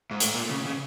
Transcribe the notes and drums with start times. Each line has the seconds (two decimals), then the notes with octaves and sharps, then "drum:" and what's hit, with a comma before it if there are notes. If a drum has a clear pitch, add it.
0.11 G#2
0.20 A2, drum: hi-hat
0.34 A#2
0.50 C#3
0.66 C#3